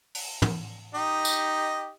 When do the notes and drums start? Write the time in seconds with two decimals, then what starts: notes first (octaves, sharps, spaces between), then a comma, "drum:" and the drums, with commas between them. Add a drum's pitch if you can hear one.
0.15 drum: open hi-hat
0.42 drum: tom
0.95 D#4 G4 D#5
1.25 drum: tambourine